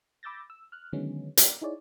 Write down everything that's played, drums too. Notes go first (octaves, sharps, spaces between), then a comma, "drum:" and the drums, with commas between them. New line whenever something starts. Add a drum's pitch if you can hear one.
B5 D6 E6 G6 A6 A#6
E6
F6 F#6
D3 D#3 F#3 G#3 B3 C#4
A#4 D5 F#5 G5, drum: hi-hat
D#4 E4 G#4 C#5 D5